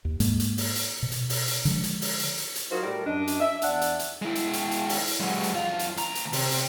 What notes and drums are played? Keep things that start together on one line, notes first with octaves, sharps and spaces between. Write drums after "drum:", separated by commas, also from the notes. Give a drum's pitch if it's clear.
D#2
G#2 G#3 A#3, drum: hi-hat
drum: hi-hat
drum: open hi-hat
drum: hi-hat
B2
drum: hi-hat
drum: open hi-hat
drum: hi-hat
D3 F3 G#3, drum: hi-hat
drum: hi-hat
drum: open hi-hat
drum: hi-hat
drum: hi-hat
drum: hi-hat
F#3 D#4 F4 F#4 A#4 C5
A2 G3 A4 A#4
F#2 D4 D#5
drum: hi-hat
E5
E2 D4 D5 E5 F#5, drum: hi-hat
drum: hi-hat
drum: hi-hat
G#3 E4
drum: hi-hat
drum: hi-hat
drum: hi-hat
drum: open hi-hat
drum: hi-hat
F#3 G#3
drum: hi-hat
F#2 F4
drum: hi-hat
D2 A#5, drum: hi-hat
drum: hi-hat
C3, drum: open hi-hat
drum: hi-hat